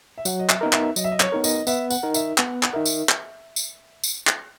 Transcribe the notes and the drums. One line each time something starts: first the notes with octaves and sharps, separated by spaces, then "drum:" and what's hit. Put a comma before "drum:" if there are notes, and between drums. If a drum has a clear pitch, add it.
E5
F#3 F#5, drum: tambourine
D#5
E5, drum: clap
B3 D#4 A#4
E5, drum: clap
F#3 D#5, drum: tambourine
E5
D#5
C#5, drum: clap
B3 D#4 A#4
D#5, drum: tambourine
B3 E5, drum: tambourine
F#5, drum: tambourine
D#4 A#4
E5, drum: tambourine
B3 F#5, drum: clap
F#5, drum: clap
D#4 A#4 E5
drum: tambourine
drum: clap
drum: tambourine
drum: tambourine
drum: clap